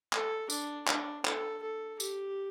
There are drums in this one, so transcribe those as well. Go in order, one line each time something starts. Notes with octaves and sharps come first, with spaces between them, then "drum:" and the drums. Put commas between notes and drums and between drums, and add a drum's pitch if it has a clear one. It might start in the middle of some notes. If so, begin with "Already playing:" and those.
A4, drum: clap
D4, drum: tambourine
D4, drum: clap
A4, drum: clap
A4
G4, drum: tambourine